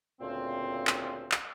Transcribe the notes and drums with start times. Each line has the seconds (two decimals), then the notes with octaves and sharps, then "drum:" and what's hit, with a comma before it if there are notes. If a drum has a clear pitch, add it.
0.21 D2 A#2 C#3 C4
0.87 drum: clap
1.32 drum: clap